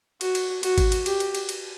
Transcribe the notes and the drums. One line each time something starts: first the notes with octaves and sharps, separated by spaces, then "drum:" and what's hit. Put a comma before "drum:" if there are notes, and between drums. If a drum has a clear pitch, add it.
F#4, drum: cymbal
drum: cymbal
F#4, drum: cymbal
drum: kick G#1, cymbal
drum: cymbal
G4, drum: cymbal
drum: cymbal
drum: cymbal
drum: cymbal